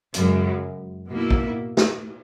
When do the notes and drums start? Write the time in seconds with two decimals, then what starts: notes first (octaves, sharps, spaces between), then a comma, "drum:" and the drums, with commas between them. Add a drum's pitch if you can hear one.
0.14 F#2 C#3 G#3, drum: hi-hat
1.11 B2 A#3 E4
1.31 drum: kick
1.77 drum: snare